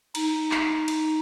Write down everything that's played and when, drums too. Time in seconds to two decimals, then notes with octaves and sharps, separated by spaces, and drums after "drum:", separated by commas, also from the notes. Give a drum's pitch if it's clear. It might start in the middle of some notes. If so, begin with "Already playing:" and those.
0.15 D#4, drum: cymbal
0.51 drum: clap
0.88 drum: cymbal